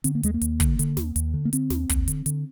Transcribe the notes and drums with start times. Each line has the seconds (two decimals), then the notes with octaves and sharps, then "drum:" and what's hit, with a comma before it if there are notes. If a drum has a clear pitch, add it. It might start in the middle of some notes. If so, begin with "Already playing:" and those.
0.04 D3 C4, drum: hi-hat
0.15 A#3
0.23 D#2 G#3, drum: hi-hat
0.34 A#3
0.41 D#2, drum: hi-hat
0.60 D3, drum: kick, hi-hat
0.79 D3, drum: hi-hat
0.97 D#2, drum: snare
1.16 D#2, drum: hi-hat
1.34 D3
1.45 A#3
1.53 D3 C4, drum: hi-hat
1.70 D#2, drum: snare
1.89 D#2, drum: kick, hi-hat
2.08 D3, drum: hi-hat
2.26 D3, drum: hi-hat